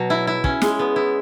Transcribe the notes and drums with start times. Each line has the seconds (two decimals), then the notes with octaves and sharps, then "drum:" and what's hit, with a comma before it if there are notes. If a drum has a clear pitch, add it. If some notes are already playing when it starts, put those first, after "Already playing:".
Already playing: B2 F#3
0.10 E4
0.27 E4
0.44 C#4, drum: kick
0.62 G#3, drum: snare
0.79 B3
0.96 E4